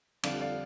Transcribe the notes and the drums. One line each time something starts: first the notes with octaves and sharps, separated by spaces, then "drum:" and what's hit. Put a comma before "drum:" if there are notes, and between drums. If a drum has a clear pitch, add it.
F2 D3 G3 D4 D5 F5, drum: cymbal
D5 F5